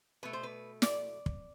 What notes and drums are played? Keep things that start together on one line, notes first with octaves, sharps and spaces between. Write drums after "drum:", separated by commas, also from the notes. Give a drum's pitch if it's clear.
B2 A3 B4
C5
B4
D5, drum: snare
drum: kick